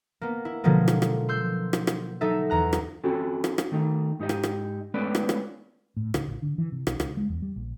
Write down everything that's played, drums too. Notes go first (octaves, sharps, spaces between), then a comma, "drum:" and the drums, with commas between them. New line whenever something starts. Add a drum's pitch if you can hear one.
A#3 B3
E4
B2 D3 F3 F#3 G#3 A#3
drum: rim click
drum: rim click
C6 E6 G6
drum: rim click
drum: rim click
F#3 D#4 A4 E5
E2 A#5 F#6
drum: rim click
C4 C#4 F#4 A4
drum: rim click
drum: rim click
D#3 A3 D#4
G#2 D#4 G4 D#5
drum: rim click
drum: rim click
G#3 A3 B3 C#4 B4 D5
drum: rim click
drum: rim click
A2
C#2, drum: rim click
A1
D3
E3
C3
B1, drum: rim click
C#2, drum: rim click
G#3
E2
G3
A#1